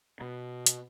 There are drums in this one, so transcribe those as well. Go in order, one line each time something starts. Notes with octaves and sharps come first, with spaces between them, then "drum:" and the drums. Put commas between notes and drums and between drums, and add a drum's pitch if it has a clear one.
B2
drum: hi-hat